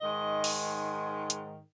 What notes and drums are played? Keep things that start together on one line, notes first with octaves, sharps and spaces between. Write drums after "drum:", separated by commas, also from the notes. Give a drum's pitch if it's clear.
G#2 D#3 G#3 D#5
drum: open hi-hat
drum: hi-hat